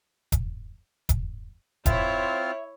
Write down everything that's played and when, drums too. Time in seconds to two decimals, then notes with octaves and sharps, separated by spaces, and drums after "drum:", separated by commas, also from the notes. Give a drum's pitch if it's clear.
0.32 drum: kick E1, hi-hat
1.09 drum: kick E1, hi-hat
1.86 C4 E4 F4 C#5 E5 F6, drum: kick E1, hi-hat